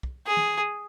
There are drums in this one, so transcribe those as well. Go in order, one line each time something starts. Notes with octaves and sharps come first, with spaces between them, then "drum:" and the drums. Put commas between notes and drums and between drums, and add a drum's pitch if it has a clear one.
drum: kick
G#4
drum: tom